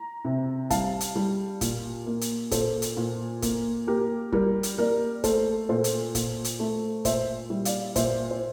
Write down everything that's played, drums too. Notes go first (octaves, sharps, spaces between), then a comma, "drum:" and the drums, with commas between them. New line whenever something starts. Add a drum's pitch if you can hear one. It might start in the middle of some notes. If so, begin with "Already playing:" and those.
Already playing: A#5
C3
G3 F5 A5, drum: kick G1, hi-hat
drum: hi-hat
G3
A#2, drum: kick G1, hi-hat
A#3
drum: hi-hat
A#2 A4 C5, drum: kick G1, hi-hat
drum: hi-hat
A#2
A#3, drum: kick G1, hi-hat
A#3 G4 A#4
G3 G4 A#4, drum: kick G1
drum: hi-hat
A#3 A#4 D5
A3 A4 C5, drum: kick G1, hi-hat
A#2 A4 C5
drum: hi-hat
A#2, drum: kick G1, hi-hat
drum: hi-hat
A3
A#2 C5 E5, drum: kick G1, hi-hat
G3
D5 F5, drum: hi-hat
A#2 C5 E5, drum: kick G1, hi-hat
C5